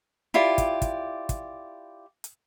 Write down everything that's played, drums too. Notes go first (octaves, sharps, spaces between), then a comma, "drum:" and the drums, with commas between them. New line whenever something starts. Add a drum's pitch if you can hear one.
E4 F4 G4 D5
drum: kick, hi-hat
drum: kick, hi-hat
drum: kick, hi-hat
drum: hi-hat